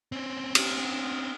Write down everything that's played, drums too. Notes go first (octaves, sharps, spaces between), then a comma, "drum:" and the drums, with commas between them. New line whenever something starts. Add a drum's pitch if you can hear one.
C4 C#4
drum: cymbal